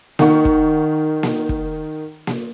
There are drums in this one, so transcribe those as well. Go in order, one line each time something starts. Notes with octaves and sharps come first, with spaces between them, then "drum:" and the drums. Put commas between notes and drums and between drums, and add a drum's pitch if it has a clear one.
D#3 F#5 C#6, drum: snare A#3
drum: kick
drum: snare A#3
drum: kick
drum: snare A#3